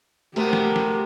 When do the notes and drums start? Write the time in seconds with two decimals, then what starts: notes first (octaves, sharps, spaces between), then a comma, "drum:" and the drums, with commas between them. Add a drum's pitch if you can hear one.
0.36 C3 A3 B3 G4 A#4, drum: hi-hat
0.53 drum: snare
0.76 drum: snare